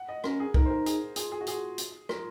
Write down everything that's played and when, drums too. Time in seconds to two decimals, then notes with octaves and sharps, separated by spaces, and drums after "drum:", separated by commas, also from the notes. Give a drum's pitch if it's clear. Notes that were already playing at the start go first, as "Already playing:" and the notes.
Already playing: F#5
0.09 D#5
0.24 C#4 A#4, drum: rim click
0.40 G#4
0.54 D#4 A#4, drum: kick C2
0.66 C5
0.70 A#4
0.86 G#4, drum: hi-hat
1.16 F4 G#4, drum: hi-hat
1.32 G#4
1.41 F#4
1.46 F4 G#4, drum: hi-hat
1.78 drum: hi-hat
2.09 F4 A#4, drum: rim click